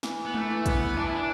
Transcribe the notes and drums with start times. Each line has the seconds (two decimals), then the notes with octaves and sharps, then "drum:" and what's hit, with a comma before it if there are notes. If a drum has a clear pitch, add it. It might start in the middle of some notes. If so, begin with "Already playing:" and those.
0.03 E3, drum: snare
0.25 B3
0.34 A3, drum: tom G#3
0.50 E3
0.66 B3, drum: kick A#1, hi-hat
0.97 E3 D4
1.06 E4
1.15 D4